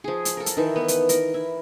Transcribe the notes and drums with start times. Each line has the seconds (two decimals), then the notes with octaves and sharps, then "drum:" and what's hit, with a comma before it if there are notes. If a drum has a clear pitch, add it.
0.04 F3 G#4
0.25 drum: hi-hat
0.37 A4 A#4
0.46 drum: hi-hat
0.57 D#3 E3
0.76 B3 B4
0.88 drum: hi-hat
1.09 A#4, drum: hi-hat
1.34 E4